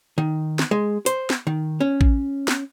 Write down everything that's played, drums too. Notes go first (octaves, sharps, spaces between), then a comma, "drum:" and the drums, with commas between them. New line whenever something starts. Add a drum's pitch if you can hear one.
D#3
drum: snare
G#3
C5, drum: hi-hat
drum: snare
D#3
C#4
drum: kick
drum: snare